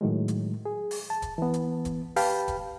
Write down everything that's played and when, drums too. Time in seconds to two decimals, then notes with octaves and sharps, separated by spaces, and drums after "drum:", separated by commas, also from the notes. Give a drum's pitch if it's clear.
0.01 A2 D#3 F#3 G#3
0.28 drum: hi-hat
0.65 G#4
0.91 drum: open hi-hat
1.10 A5
1.22 drum: kick D#1, hi-hat
1.38 E3 B3
1.54 drum: hi-hat
1.85 drum: kick D#1, hi-hat
2.16 G4 B4 F5 G5 A5 B5, drum: open hi-hat
2.48 drum: kick D#1, hi-hat